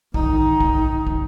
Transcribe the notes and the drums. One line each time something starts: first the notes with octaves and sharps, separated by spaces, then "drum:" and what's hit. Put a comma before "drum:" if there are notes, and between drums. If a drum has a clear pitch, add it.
D#3 D#4, drum: kick
drum: kick
drum: kick